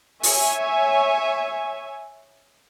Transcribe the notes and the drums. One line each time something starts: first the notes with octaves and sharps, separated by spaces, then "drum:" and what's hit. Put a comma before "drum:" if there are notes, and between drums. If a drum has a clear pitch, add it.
C#5 E5 G#5, drum: open hi-hat